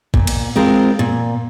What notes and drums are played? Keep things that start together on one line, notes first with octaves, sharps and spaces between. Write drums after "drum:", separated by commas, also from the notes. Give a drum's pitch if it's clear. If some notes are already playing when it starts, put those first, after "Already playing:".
A#2, drum: kick
drum: cymbal
G#3 C4 F4 A#4
A#2